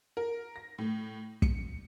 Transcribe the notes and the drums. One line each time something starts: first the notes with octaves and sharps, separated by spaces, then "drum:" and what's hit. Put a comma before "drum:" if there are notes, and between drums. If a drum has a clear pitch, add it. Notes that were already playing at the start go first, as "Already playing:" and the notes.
A#4
A#6
A2
C#7, drum: kick